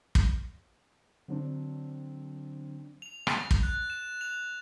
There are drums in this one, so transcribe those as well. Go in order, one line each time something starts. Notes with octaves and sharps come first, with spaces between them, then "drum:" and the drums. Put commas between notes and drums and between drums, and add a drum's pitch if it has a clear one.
drum: kick
D3 F#3 C4 D4
F7
A6, drum: rim click
drum: kick
F#6
E7
F7